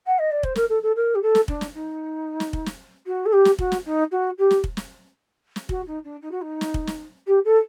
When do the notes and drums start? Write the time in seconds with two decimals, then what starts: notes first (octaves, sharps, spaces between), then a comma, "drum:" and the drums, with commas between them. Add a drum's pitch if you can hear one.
0.06 F#5
0.18 D#5
0.31 D5
0.43 C5, drum: kick
0.55 A#4, drum: snare
0.69 A4
0.82 A4
0.96 A#4
1.15 G4
1.22 A4
1.35 drum: snare
1.48 D4, drum: kick
1.61 drum: snare
1.74 D#4
2.40 drum: snare
2.53 drum: kick
2.66 drum: snare
3.06 F#4
3.25 A4
3.32 G4
3.45 drum: snare
3.59 F#4, drum: kick
3.72 drum: snare
3.85 D#4
4.11 F#4
4.38 G4
4.51 drum: snare
4.64 drum: kick
4.77 drum: snare
5.56 drum: snare
5.69 F#4, drum: kick
5.86 D#4
6.04 D4
6.21 D#4
6.31 F#4
6.41 D#4
6.61 drum: snare
6.74 drum: kick
6.87 drum: snare
7.27 G4
7.45 A4